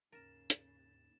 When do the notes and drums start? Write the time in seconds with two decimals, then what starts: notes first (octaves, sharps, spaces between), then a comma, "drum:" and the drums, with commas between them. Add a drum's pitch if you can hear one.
0.12 D#2 G#2 C#3 A#4 A6 E7
0.50 drum: hi-hat